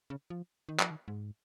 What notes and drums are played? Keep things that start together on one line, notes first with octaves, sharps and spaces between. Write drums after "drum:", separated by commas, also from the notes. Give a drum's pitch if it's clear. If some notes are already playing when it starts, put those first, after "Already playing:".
C#3
F3
D#3
F3, drum: clap
D#3
G#2